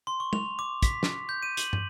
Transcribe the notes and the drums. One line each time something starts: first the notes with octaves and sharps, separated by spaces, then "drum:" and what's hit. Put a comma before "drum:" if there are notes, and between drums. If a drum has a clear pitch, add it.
C6
C#6
F7, drum: tom
D6
B6, drum: kick, hi-hat
drum: snare
G6
D#7
F#7, drum: hi-hat
drum: tom